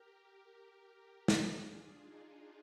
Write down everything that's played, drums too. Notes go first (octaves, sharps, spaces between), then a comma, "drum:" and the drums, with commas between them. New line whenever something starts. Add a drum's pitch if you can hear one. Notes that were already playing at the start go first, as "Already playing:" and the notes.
Already playing: G4 A#4
F4 G#4, drum: snare
D4 F4
D#4